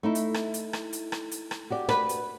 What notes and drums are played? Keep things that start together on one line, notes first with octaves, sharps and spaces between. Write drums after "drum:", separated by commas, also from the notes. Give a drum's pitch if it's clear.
A3 D#4 E4
drum: hi-hat
drum: rim click
drum: hi-hat
drum: rim click
drum: hi-hat
drum: rim click
drum: hi-hat
drum: rim click
F#4 G4 D5
B4, drum: rim click
drum: hi-hat